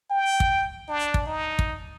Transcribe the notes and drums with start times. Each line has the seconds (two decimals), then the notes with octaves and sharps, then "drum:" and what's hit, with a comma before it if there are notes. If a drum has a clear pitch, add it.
0.11 G5
0.40 drum: kick
0.89 D4
1.14 drum: kick
1.26 D#4
1.59 drum: kick